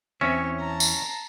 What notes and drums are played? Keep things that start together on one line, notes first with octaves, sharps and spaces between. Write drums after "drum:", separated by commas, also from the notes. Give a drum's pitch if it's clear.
E2 E3 C4 C#4 C#5 E5
A5 A#5
drum: tambourine